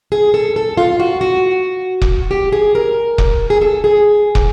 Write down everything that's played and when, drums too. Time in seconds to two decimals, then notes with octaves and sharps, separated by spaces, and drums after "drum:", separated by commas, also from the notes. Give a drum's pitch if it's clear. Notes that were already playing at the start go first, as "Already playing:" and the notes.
0.12 G#4
0.34 A4
0.56 A4
0.77 F4
0.99 F#4
1.21 F#4
2.02 drum: kick
2.31 G4
2.52 G#4
2.75 A#4
3.18 drum: kick
3.50 G#4
3.61 A4
3.84 G#4
4.35 drum: kick